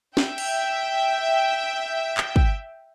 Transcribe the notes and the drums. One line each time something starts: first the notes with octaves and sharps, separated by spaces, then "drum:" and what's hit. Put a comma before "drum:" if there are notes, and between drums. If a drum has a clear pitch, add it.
E5 G5, drum: snare
drum: cymbal
drum: clap
drum: kick